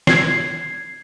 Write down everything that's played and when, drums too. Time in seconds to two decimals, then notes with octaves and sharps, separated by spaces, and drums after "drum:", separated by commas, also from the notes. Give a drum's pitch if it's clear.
0.07 G#6 C7, drum: snare